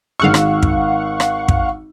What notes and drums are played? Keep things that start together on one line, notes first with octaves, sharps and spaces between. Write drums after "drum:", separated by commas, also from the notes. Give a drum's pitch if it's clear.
G#1 G#4 F5 F#5 C#6 E6
drum: rim click
drum: kick
drum: rim click
drum: kick